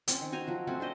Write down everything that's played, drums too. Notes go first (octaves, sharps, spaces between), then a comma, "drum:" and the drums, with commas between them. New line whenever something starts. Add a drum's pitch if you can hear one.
C4 C#4, drum: hi-hat
D#3
F#4 C5 G#5 A#5
F3 F#3
A3 C4 C#4 F#4
D4 F#4 C5 D#5